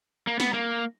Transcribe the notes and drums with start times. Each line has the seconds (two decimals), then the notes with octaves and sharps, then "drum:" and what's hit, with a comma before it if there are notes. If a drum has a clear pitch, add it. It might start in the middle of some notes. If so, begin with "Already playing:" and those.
0.27 A#3
0.40 B3, drum: snare
0.54 A#3